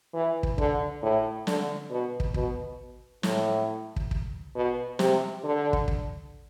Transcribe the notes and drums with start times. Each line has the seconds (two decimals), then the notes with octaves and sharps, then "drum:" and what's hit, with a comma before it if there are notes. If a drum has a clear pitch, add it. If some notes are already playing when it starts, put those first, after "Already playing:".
0.14 E3
0.43 drum: kick
0.58 D3, drum: kick
1.02 A2
1.47 D3, drum: snare
1.90 B2
2.20 drum: kick
2.34 B2, drum: kick
3.23 A2, drum: snare
3.96 drum: kick
4.11 drum: kick
4.55 B2
4.99 C3, drum: snare
5.44 D3
5.73 drum: kick
5.88 drum: kick